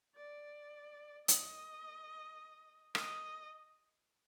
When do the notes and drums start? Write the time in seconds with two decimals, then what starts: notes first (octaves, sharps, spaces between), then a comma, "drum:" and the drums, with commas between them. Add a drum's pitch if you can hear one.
0.16 D5
1.28 D#5, drum: hi-hat
2.95 D#5, drum: rim click